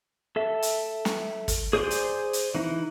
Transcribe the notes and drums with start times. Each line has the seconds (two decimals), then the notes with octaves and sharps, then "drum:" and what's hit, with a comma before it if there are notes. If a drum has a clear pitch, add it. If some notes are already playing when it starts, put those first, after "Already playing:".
0.36 A4 E5
0.62 drum: hi-hat
1.05 drum: snare
1.48 drum: kick, hi-hat
1.73 G#4 C5 D5 G#5 C6
1.91 drum: hi-hat
2.33 drum: hi-hat
2.55 E3 D#4 E4